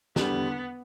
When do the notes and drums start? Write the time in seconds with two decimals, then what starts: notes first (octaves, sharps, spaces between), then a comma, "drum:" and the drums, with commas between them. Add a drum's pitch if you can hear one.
0.16 E2 D3 G3 B3 D4, drum: snare